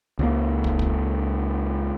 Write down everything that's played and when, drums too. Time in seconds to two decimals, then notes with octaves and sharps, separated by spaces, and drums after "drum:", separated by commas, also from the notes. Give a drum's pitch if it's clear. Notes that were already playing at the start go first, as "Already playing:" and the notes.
0.19 C#2 A#3
0.64 drum: kick
0.79 drum: kick